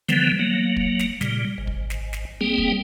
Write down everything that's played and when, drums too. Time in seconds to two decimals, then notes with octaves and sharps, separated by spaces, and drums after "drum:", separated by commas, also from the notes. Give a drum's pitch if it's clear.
0.09 D3 E3 F3 G3 B3, drum: snare
0.39 F#3 A#3
0.77 drum: kick
0.99 drum: snare
1.21 A#2 C#3 G3, drum: snare
1.58 G#1
1.67 drum: kick
1.90 drum: snare
2.13 drum: snare
2.41 G3 A#3 C4 G#4 G5
2.58 drum: kick